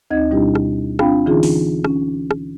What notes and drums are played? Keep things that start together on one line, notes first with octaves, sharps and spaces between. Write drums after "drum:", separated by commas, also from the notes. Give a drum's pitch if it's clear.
D2 C4 D#4 D#5 G#6
B2 G3 D4 E4 G4
drum: rim click
C4 D4 F4 F5 G5 B5, drum: rim click
D3 E3 C#4 D#4 F4 G#4
drum: open hi-hat
C#4, drum: rim click
drum: rim click